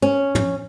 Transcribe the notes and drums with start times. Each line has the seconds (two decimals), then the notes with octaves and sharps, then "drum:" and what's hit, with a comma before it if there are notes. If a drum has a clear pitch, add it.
0.02 C#4
0.35 drum: tom